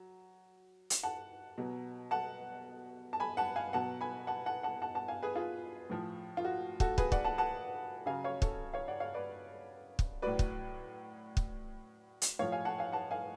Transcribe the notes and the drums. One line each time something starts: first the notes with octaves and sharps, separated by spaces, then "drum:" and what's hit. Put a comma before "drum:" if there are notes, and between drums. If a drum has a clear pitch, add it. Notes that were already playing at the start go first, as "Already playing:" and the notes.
Already playing: F#3
drum: hi-hat
F#5 A5
B2 F#3
F#5 A5
A5
G#5 B5
F#5 A5
F5 G#5
B2 F#3 F#5 A5
G#5 B5
F#5 A5
F#5 A5
F#5 A5
F#5 A5
F#5 A5
F5 G#5
G#4 B4
F4 G#4
A2 F3
F4
F#4
F#4 A4, drum: kick
G#4 B4, drum: kick
D5 F#5, drum: kick
F#5 A5
F#5 A5
C#3 F#3 F5 G#5
C#5 F5
A4 C#5, drum: kick
C#5 F5
D5 F#5
C#5 F5
B4 D5
drum: kick
A2 F#3 B4 D5
drum: kick
drum: kick
drum: hi-hat
A2 F3 C#5 F5
F5 G#5
F#5 A5
F5 G#5
F#5 A5
F5 G#5